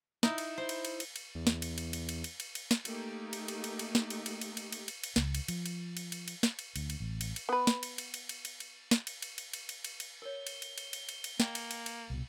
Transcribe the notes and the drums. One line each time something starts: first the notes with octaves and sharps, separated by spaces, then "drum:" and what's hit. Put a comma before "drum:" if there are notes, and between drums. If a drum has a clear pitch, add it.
D#4 E4, drum: snare
drum: cymbal
C5
drum: cymbal
drum: cymbal
drum: cymbal
drum: cymbal
E2
drum: snare
drum: cymbal
drum: cymbal
drum: cymbal
drum: cymbal
drum: cymbal
drum: cymbal
drum: cymbal
drum: snare
A3 A#3 D#4 G4, drum: cymbal
drum: cymbal
drum: cymbal
drum: cymbal
drum: cymbal
drum: snare
drum: cymbal
drum: cymbal
drum: cymbal
drum: cymbal
drum: cymbal
drum: cymbal
drum: cymbal
C#2, drum: snare
drum: cymbal
F3, drum: cymbal
drum: cymbal
drum: cymbal
drum: cymbal
drum: cymbal
drum: snare
drum: cymbal
D2, drum: cymbal
drum: cymbal
A1
drum: cymbal
drum: cymbal
B3 B4
drum: snare
drum: cymbal
drum: cymbal
drum: cymbal
drum: cymbal
drum: cymbal
drum: cymbal
drum: snare
drum: cymbal
drum: cymbal
drum: cymbal
drum: cymbal
drum: cymbal
drum: cymbal
drum: cymbal
A#4 C#5 G7
drum: cymbal
drum: cymbal
drum: cymbal
drum: cymbal
drum: cymbal
drum: cymbal
A#3 D#5 G5, drum: snare
drum: cymbal
drum: cymbal
drum: cymbal
C2 B2